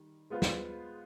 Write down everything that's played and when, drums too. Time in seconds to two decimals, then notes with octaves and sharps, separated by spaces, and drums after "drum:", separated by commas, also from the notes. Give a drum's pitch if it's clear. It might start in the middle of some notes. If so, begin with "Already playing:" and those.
Already playing: D#3 G3
0.30 G#3 B3 F4 C5 F5
0.42 drum: snare